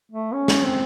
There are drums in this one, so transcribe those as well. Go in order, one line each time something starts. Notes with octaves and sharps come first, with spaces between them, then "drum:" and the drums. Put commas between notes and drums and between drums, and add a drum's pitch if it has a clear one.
A3
C#4
drum: snare
C4